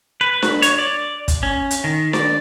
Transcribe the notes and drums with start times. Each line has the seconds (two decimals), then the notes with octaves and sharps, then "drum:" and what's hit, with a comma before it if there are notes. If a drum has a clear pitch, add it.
0.21 B4
0.42 drum: snare D4
0.62 C#5, drum: hi-hat
0.79 D5
1.28 drum: kick, hi-hat
1.43 C#4
1.71 drum: hi-hat
1.84 D#3
2.13 D5, drum: snare D4